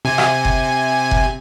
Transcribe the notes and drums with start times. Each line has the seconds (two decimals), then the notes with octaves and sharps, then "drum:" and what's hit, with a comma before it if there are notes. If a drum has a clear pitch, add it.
0.05 C3 G#5
0.18 drum: rim click
0.45 drum: kick F#1
1.11 drum: kick F#1